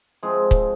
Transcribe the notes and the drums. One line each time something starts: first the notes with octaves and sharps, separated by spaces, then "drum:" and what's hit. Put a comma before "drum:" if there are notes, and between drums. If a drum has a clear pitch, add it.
F3 G#3 C4 G#4
drum: kick